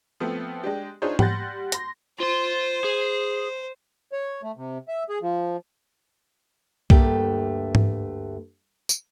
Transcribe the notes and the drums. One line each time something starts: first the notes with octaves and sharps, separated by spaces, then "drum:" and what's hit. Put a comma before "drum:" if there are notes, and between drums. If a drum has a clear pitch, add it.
F3 A3 B3 C4
G#3 D4 G4
D4 D#4 F4 G#4 C5 C#5
G3 F#5 C6 G6 A6 A#6, drum: tom G#2
C6 A#6, drum: hi-hat
F4 C5 C6
G#4
C#5
A3
C3
E5
G#4
F3
D2 G2 A3 A#3 G4, drum: kick B1
drum: tom G#2
drum: tambourine